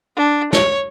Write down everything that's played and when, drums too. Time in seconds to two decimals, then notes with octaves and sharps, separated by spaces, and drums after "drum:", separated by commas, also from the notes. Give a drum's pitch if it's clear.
0.17 D4
0.53 C#5, drum: snare